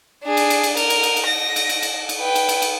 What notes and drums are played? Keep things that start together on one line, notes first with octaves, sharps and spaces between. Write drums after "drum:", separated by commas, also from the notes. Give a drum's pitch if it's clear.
D4 G#4
drum: cymbal
drum: cymbal
drum: cymbal
A#4, drum: cymbal
drum: cymbal
drum: cymbal
drum: cymbal
A#6
drum: cymbal
drum: cymbal
drum: cymbal
drum: cymbal
B4 G5
drum: cymbal
drum: cymbal
drum: cymbal